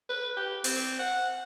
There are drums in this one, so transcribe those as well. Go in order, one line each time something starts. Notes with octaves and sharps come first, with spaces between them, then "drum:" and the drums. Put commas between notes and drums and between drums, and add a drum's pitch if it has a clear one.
B4
G4
C4, drum: open hi-hat
F#5